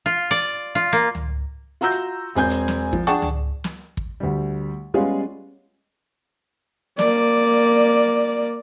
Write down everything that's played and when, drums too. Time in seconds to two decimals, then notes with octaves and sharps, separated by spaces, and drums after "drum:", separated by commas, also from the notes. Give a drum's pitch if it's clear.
0.06 F4
0.31 D5
0.75 F4
0.93 A#3
1.15 drum: tom C#2
1.81 F4 F#4 A#5 E6 G6
1.90 drum: hi-hat
2.35 E1 C4 G#5 G6
2.50 drum: hi-hat
2.68 drum: snare
2.93 F3, drum: kick
3.07 D4 G#4 F#5 G5 A5 C#6
3.22 drum: tom C#2
3.64 drum: snare
3.97 drum: kick
4.20 D2 G3
4.94 G3 G#3 B3 C#4 F4 G#4
6.99 A#3 D5, drum: snare